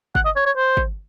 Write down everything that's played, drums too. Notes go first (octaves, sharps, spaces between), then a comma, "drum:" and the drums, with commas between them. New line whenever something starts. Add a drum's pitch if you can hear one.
F#5, drum: kick
D#5
C#5
C#5
C5
drum: kick